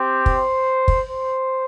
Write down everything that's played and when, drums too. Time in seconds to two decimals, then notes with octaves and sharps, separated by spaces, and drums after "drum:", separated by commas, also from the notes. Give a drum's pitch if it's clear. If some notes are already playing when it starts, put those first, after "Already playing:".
Already playing: C4 G4
0.26 C5, drum: kick
0.88 drum: kick
1.08 C5